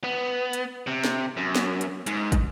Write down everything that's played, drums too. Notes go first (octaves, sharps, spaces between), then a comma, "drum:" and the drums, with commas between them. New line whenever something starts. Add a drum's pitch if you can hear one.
B3
drum: hi-hat
C3
drum: snare
F#2
drum: snare
drum: hi-hat
G#2, drum: hi-hat
drum: kick, hi-hat